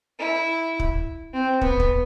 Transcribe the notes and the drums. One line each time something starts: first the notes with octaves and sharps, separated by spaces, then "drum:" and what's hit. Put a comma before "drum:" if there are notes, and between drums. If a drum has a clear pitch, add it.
E4
drum: kick
C4
B3, drum: kick
drum: kick